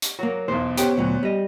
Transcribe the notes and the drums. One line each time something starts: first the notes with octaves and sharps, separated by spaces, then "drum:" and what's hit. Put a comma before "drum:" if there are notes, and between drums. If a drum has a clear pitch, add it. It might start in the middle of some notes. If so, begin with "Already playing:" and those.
drum: hi-hat
F#3 A#3 F#4
B1 E2 C5
B3 C#4 G4 C5, drum: hi-hat
D2 A#2 F#3
G3 D#5